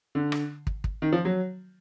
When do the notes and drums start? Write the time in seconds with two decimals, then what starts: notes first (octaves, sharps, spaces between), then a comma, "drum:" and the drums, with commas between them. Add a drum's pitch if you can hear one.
0.15 D3
0.32 drum: rim click
0.67 drum: kick
0.84 drum: kick
1.02 D#3
1.13 F3
1.25 F#3